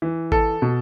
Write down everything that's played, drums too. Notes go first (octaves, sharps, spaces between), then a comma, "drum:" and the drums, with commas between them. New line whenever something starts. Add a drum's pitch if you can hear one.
E3
A4, drum: kick G#1
B2